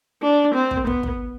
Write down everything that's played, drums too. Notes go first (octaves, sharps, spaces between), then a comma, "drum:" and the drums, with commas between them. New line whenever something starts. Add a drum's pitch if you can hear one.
D4
C4
drum: kick
B3, drum: kick
drum: kick